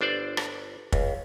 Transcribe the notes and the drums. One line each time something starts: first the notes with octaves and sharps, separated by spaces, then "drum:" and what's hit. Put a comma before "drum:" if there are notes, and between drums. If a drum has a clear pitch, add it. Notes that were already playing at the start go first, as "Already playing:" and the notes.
G1 D4 C5 D5
drum: rim click
C#2, drum: kick